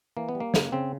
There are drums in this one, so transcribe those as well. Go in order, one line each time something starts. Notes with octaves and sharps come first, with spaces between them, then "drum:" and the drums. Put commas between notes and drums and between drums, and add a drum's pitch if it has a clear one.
E3 A#3
B3
G3
A#3
C#3, drum: snare
C#3 C4